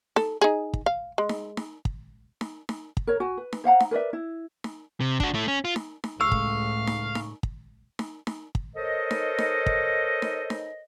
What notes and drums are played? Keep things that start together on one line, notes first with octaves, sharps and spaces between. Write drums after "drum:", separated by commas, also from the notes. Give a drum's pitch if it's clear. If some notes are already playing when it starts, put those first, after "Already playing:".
A4, drum: snare D#4
D#4 G#4
drum: kick
F5
G#3
drum: snare D#4
drum: snare D#4
drum: kick
drum: snare D#4
drum: snare D#4
drum: kick
A#4 C#5
F#4 G#5
B4
drum: snare D#4
C5 F5 F#5 A#5
drum: snare D#4
A#4 B4 D5 E5
E4
drum: snare D#4
C3
D4 F#4, drum: kick
A3 E4
C#4
F4
drum: snare D#4
drum: snare D#4
C#2 A2 F5 C#6 E6
drum: kick
drum: snare D#4
drum: snare D#4
drum: kick
drum: snare D#4
drum: snare D#4
drum: kick
A4 A#4 C5 C#5 D#5
drum: snare D#4
drum: snare D#4
drum: kick
drum: snare D#4
drum: snare D#4